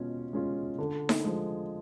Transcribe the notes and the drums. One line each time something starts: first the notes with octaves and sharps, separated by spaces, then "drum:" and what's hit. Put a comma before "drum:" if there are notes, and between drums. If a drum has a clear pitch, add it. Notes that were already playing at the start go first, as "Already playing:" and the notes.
Already playing: B2 G#3 C#4 F4
G#3 C#4 F4
D3
drum: snare D#4
F3 G#3